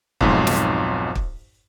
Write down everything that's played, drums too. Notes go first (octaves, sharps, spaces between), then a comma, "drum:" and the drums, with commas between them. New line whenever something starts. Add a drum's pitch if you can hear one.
B1 F2 G#2, drum: kick
drum: snare
drum: kick